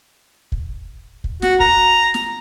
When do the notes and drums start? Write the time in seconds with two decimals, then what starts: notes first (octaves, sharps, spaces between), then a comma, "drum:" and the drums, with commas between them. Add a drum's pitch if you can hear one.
0.52 drum: kick
1.24 drum: kick
1.42 F#4, drum: snare
1.60 A#5, drum: kick
2.14 drum: snare